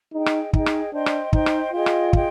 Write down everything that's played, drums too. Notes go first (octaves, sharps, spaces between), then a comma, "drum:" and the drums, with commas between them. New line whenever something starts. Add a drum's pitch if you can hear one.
D#4 G#4 D#5 G5
drum: rim click
D#4 G#4 D#5 G5, drum: kick
drum: rim click
D4 C5 D#5 G5 C6
drum: rim click
D#4 C5 D#5 G5 C6, drum: kick
drum: rim click
F4 G#4 D#5 G5 C6
drum: rim click
G#4 D#5 G5 C6, drum: kick